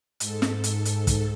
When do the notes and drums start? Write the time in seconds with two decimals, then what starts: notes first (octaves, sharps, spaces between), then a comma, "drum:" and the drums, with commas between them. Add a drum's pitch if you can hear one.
0.20 G#2 A4, drum: hi-hat
0.42 drum: snare
0.64 drum: hi-hat
0.85 drum: hi-hat
1.07 drum: kick, hi-hat